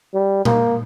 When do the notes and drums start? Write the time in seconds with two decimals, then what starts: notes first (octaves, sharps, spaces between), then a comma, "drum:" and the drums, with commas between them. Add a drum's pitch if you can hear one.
0.14 G3
0.45 A#3, drum: tom A#2